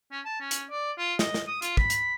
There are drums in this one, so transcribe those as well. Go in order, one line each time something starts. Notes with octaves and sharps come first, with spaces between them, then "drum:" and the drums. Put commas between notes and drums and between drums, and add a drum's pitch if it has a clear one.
C#4
A5
C#4
drum: hi-hat
D5
F4
D#5, drum: snare
drum: snare
D#6
F4, drum: hi-hat
B5, drum: kick
drum: hi-hat